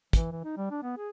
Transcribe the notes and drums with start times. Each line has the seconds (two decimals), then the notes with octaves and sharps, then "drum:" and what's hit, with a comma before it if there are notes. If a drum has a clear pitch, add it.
0.13 E3, drum: kick, hi-hat
0.32 E3
0.44 D#4
0.57 G3
0.71 D4
0.83 B3
0.97 G#4